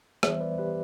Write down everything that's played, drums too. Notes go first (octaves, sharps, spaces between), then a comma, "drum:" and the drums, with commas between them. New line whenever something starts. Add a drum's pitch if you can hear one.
E3 G3 B3 C5 E5, drum: rim click
B4 D5
G4 B4